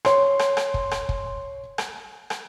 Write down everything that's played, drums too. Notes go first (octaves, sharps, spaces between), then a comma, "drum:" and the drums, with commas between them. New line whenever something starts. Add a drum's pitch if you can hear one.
C#5 C6, drum: rim click
drum: rim click
drum: rim click
drum: kick
drum: rim click
drum: kick
drum: rim click
drum: rim click